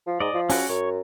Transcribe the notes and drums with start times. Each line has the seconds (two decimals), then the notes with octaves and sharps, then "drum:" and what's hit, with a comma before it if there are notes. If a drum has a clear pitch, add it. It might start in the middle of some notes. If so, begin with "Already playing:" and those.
0.07 F3
0.20 G#2 D5 D#5
0.34 F3
0.50 C#4 F#4, drum: open hi-hat
0.69 F#2 C#5